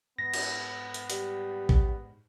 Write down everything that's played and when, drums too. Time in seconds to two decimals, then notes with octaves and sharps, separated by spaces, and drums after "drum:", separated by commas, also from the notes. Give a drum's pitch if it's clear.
0.18 G#2 B3 A#6
0.34 drum: cymbal
0.94 drum: hi-hat
1.10 G3, drum: hi-hat
1.69 drum: kick A1